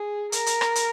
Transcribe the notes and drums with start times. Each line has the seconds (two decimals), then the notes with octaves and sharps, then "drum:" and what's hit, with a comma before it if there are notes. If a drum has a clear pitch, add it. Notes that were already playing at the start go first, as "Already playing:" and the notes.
Already playing: G#4
0.32 A#4, drum: hi-hat
0.46 drum: hi-hat
0.61 drum: rim click
0.75 drum: hi-hat